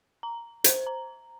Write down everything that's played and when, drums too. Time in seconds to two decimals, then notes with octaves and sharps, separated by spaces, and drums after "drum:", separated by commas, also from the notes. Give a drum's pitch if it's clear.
0.23 A#5
0.64 C5, drum: hi-hat
0.87 A#5